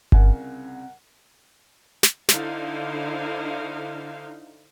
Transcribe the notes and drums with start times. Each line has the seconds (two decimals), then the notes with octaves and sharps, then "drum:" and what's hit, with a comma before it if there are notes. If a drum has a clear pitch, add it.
0.12 C2 C#3 C4 A#4 F#5 G#5, drum: kick G1
2.03 drum: snare
2.29 D3 D#4 E4 C5 F5, drum: snare